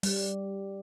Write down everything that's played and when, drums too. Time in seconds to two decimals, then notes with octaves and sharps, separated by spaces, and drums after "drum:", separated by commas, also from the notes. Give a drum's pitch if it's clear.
0.03 G3, drum: open hi-hat